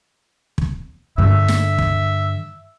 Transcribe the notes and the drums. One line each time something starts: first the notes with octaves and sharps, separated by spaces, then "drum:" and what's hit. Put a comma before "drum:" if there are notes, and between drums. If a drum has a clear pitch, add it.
drum: kick
G2 D3 E5
drum: snare
drum: kick